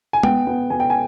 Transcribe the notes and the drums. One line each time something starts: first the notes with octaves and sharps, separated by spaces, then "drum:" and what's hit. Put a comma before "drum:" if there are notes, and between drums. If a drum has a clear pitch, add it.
G#5
B3 G5, drum: tom
B3
B3 G#5
G5
G#5